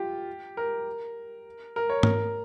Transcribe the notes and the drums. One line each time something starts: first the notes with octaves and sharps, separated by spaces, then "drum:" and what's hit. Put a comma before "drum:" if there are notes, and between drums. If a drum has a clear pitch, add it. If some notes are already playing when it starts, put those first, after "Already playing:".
Already playing: F4 G4
A#4
A#4
C#5
A#4, drum: tom G#2